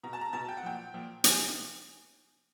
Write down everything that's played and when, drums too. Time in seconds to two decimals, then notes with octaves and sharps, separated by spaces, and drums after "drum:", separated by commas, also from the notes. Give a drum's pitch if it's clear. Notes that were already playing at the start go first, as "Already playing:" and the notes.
0.03 B2 A#5
0.13 A5
0.21 A#5
0.33 B2 A5
0.48 G5
0.57 F#5
0.63 A#2 F3 G5
0.94 A#2 F3
1.24 C3 F3 G#5, drum: hi-hat